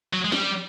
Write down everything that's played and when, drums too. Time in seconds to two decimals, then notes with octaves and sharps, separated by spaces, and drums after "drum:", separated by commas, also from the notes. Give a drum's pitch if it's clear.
0.13 F#3
0.25 G#3
0.32 G3, drum: snare